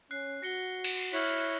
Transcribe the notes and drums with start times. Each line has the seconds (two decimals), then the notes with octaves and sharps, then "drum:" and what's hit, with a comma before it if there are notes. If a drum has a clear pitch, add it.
0.11 C#4 F#6 C7
0.42 F#4 A#6 C#7 G7
0.84 drum: cymbal
1.13 E4 C#5 F6 F#6 B6